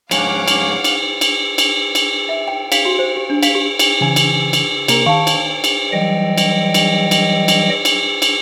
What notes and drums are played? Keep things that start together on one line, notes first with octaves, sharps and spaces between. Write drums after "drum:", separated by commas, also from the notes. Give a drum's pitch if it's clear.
F2 G#2 C#5 F5 F#5 G#5 D6, drum: cymbal
drum: cymbal
drum: cymbal
drum: cymbal
drum: cymbal
drum: cymbal
E5
G5
F5, drum: cymbal
F#4
C5
G4
D4
F5, drum: cymbal
G4
drum: cymbal
C#3 E3 G#5
drum: cymbal
drum: cymbal
C3 A#3 A#4, drum: cymbal
D#3 F5 A5 C#6
drum: cymbal
drum: cymbal
E3 F#3 G3 D#5 G5
drum: cymbal
drum: cymbal
drum: cymbal
drum: cymbal
drum: cymbal
drum: cymbal